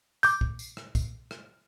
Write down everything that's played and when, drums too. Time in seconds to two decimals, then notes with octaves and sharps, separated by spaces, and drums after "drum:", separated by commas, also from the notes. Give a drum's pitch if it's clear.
0.23 D6 G6, drum: tambourine
0.41 drum: kick B1
0.59 drum: tambourine
0.77 drum: rim click
0.95 drum: kick B1, tambourine
1.31 drum: rim click